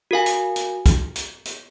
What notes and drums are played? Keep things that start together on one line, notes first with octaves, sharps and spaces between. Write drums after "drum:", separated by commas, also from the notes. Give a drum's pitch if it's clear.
F#4 A#4 F5 G#5
drum: hi-hat
drum: hi-hat
drum: kick, hi-hat
drum: hi-hat
drum: hi-hat